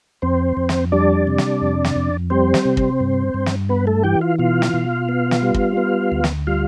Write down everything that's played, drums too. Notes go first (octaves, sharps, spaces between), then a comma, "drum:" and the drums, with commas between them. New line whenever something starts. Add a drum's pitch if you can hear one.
F2 C4 C5
F2
drum: snare
G3 D4 D5
C3
drum: snare
F2
drum: snare
F2
G3 C4 C5
drum: snare
C3
drum: kick
G2
G2
drum: snare
B3 B4
A3 A4
E3 G4 G5
F4 F5
B2 F4 F5
drum: snare
B2
B3
drum: snare
G3
drum: kick
B3
D2
drum: snare
G3 F4 F5